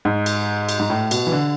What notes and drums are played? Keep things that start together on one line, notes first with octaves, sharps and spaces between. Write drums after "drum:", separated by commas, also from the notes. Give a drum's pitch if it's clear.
G#2
drum: cymbal
drum: cymbal
G#2
A2
B2, drum: cymbal
E3
D3